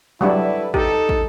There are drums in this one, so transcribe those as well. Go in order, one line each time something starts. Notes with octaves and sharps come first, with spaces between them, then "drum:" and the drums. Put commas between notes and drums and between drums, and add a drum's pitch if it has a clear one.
F#3 G3 D4 E4 A4 B4
D#4 G4 A4, drum: kick
drum: kick